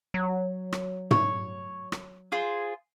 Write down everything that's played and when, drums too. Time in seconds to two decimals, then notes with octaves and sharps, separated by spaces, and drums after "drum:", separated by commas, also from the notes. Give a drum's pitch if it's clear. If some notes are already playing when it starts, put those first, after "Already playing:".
0.14 F#3
0.72 drum: rim click
1.11 C#5, drum: tom
1.92 drum: rim click
2.32 F4 G#4 C5